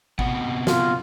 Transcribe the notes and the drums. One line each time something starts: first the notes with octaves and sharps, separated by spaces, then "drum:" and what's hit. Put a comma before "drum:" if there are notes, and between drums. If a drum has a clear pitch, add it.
C3 B3 F#5, drum: kick G#1
F4, drum: snare